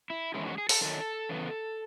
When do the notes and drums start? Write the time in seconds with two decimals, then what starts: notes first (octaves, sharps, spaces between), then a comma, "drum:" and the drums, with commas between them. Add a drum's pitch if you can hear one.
0.10 E4
0.34 E2 D#3 G#3 C#4 E4
0.46 F#4
0.58 G#4
0.69 A4, drum: open hi-hat
0.81 F#2 D#3 F#3 C#4 A4
1.29 C#3 E3 B3